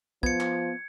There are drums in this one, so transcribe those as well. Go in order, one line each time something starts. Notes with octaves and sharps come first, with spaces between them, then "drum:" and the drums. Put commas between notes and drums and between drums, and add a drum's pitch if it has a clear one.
F3 B3 G#6 C#7, drum: kick
drum: clap